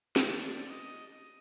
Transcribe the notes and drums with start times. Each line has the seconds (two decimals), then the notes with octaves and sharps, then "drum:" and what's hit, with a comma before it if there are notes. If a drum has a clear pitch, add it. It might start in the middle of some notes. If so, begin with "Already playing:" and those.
0.16 drum: snare
0.27 D5
0.69 D#5